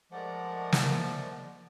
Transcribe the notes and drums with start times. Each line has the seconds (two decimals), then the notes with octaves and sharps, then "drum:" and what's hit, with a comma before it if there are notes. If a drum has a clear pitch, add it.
0.12 F3 G#3 A3 A#4 D5 F#5
0.73 drum: snare